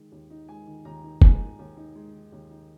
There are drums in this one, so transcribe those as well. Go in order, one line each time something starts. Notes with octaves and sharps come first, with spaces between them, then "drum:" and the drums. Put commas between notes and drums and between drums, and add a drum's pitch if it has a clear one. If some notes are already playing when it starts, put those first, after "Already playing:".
Already playing: D#3 G#3
D#2
D#4
G#3 G#5
D#3
D#2 A#5
D#4
G#3 G#5, drum: kick F#1
D#3
D#2
D#4
G#3
D#3
D#2
D#4